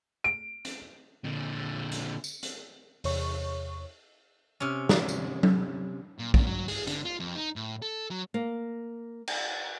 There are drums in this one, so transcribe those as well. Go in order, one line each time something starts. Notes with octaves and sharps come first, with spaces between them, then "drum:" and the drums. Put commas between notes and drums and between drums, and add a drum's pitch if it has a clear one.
D7
drum: hi-hat
A#2 D3
drum: hi-hat
drum: tambourine
drum: hi-hat
E2 C3 C#5 C#6, drum: open hi-hat
C3 C#4
drum: snare
drum: tambourine
drum: tom F#3
A#2
A#2, drum: kick A#1
F#3
G#4, drum: open hi-hat
D3, drum: hi-hat
F4
F2
D#4
A2
A4
F#3
A#3
drum: cymbal